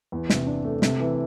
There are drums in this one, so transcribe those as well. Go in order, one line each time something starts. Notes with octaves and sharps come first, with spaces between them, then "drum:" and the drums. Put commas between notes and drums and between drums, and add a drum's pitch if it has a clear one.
E2
C3, drum: snare
D4
A3
C3, drum: snare
E3